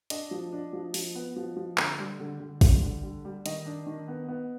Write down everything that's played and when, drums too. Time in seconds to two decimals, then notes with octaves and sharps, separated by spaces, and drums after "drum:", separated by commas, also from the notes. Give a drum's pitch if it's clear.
0.10 D4 D#5, drum: hi-hat
0.31 F3
0.53 D4
0.73 F3
0.94 F3, drum: open hi-hat
1.15 B3
1.36 F3
1.56 F3
1.78 D3, drum: clap
1.99 G3
2.20 D3
2.40 D3
2.61 G3, drum: kick, open hi-hat
2.82 D3
3.03 G3
3.25 G3
3.46 D#3 D#5, drum: hi-hat
3.66 D4
3.86 D#3
4.08 B3
4.28 B3